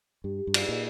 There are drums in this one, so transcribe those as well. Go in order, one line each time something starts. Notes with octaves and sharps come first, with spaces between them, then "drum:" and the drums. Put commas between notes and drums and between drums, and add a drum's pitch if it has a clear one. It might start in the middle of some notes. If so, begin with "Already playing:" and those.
G2 G4
G4
G2
D5, drum: cymbal
A#2 D#5